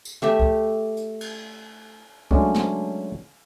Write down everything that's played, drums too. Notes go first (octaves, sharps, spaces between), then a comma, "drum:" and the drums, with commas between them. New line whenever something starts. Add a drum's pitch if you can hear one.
drum: tambourine
A3 G4 E5
drum: kick C#2
drum: hi-hat
drum: cymbal
F#3 G#3 A3 C#4 D4, drum: kick C#2
drum: snare